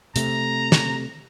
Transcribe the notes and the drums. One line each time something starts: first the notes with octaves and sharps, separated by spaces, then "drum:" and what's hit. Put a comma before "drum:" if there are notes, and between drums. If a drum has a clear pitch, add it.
C3 A3 A#5, drum: hi-hat
drum: snare